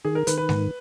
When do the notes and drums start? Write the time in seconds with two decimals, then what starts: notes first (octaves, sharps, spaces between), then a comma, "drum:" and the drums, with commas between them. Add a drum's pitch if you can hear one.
0.05 D#3 G#4
0.15 A#4
0.27 D#3 B4, drum: hi-hat
0.38 B4
0.49 G#2, drum: snare G#3